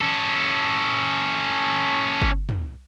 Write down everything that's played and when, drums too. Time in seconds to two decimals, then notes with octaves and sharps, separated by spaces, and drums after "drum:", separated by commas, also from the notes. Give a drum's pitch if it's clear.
0.01 C#4 A4
2.22 drum: kick G1
2.49 drum: tom